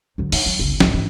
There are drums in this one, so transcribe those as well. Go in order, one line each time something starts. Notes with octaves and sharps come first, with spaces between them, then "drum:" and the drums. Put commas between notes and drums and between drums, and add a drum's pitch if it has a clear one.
D2 F#3
D#4, drum: open hi-hat
F#3
G1 C#2
C2 G#2, drum: snare
G#2 E3